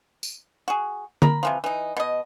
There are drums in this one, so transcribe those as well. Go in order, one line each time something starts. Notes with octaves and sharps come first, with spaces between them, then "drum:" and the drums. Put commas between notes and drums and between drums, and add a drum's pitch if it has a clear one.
drum: tambourine
F#4 G#4
A#4 A#5 B5, drum: tom D3
C3 E3 F3
E3 D#4
B2 D#5